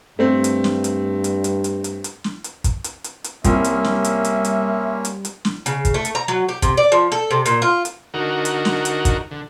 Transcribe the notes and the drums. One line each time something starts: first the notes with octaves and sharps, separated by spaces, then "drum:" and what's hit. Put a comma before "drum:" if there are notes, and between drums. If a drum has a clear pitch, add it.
G2 A3 C4
drum: hi-hat
drum: snare
drum: hi-hat
drum: hi-hat
drum: hi-hat
drum: hi-hat
drum: hi-hat
drum: hi-hat
drum: snare
drum: hi-hat
drum: kick, hi-hat
drum: hi-hat
drum: hi-hat
drum: hi-hat
C2 G3 A#3 C#4 E5, drum: kick, hi-hat
drum: hi-hat
drum: snare
drum: hi-hat
drum: hi-hat
drum: hi-hat
drum: hi-hat
drum: hi-hat
drum: snare
C#3, drum: hi-hat
drum: kick, hi-hat
A3
drum: hi-hat
A#5
F#3
G4
C3, drum: kick, hi-hat
D5
F3
A4
C3
A#2, drum: hi-hat
F4
drum: hi-hat
D3 D#4 F#4 A#4
drum: hi-hat
drum: snare
drum: hi-hat
drum: kick, hi-hat
D3